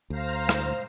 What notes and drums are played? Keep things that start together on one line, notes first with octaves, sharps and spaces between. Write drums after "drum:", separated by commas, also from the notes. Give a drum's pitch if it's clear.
D2 C5 F5 A#5
drum: rim click